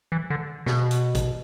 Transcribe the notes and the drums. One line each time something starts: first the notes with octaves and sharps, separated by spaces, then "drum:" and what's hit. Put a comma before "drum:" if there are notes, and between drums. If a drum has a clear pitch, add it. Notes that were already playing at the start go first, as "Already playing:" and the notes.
E3
D3
B2, drum: snare
drum: hi-hat
drum: kick A1, hi-hat